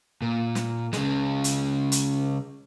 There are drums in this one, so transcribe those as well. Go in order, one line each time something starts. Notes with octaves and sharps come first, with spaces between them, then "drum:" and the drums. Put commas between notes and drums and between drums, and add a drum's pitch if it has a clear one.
A#2
drum: snare
C#3 G#3, drum: snare
drum: hi-hat
drum: hi-hat